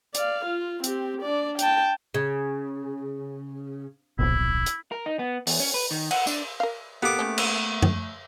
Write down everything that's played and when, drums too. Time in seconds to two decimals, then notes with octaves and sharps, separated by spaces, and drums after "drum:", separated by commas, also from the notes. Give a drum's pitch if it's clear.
0.15 D5 F5, drum: hi-hat
0.45 F4
0.84 C4 G4, drum: hi-hat
1.22 D4 D5
1.59 G5 A5, drum: hi-hat
2.14 C#3
4.19 D1 A#1 B2 E4
4.66 drum: hi-hat
4.92 A#4
5.06 D#4
5.19 B3
5.47 E2, drum: open hi-hat
5.60 C#4
5.74 B4
5.91 D#3
6.11 F#5, drum: cymbal
6.27 D4, drum: tambourine
6.60 A#4 F5
7.03 A#3 B3 G4 A4 D6
7.19 C#3 A3 C#4
7.38 drum: cymbal
7.82 drum: tom F#2